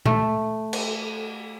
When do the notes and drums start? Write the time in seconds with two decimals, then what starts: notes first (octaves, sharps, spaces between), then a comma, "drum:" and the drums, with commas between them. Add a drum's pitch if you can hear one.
0.06 A3, drum: tom A#2
0.73 drum: cymbal